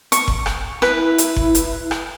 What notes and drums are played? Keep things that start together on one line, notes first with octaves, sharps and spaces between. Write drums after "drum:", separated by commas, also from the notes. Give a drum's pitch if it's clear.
C#6, drum: hi-hat
drum: kick F#1
drum: rim click
E4 B4, drum: rim click
drum: hi-hat
drum: kick F#1
drum: hi-hat
drum: rim click